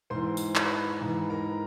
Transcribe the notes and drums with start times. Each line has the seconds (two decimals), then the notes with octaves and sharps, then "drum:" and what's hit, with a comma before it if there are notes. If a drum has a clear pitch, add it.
0.10 G#2 E3 C5 C6
0.37 drum: open hi-hat
0.56 B4 B5, drum: clap
1.01 G#2 E3
1.30 A#4 A#5